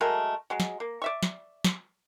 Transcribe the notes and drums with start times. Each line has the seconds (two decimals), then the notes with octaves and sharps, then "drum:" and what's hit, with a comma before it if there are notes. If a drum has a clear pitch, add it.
0.01 F#3 G#3 A3 A#4
0.50 F#3 G#3
0.60 drum: snare
0.80 A#3
1.02 D5 E5 C#6
1.23 drum: snare
1.65 drum: snare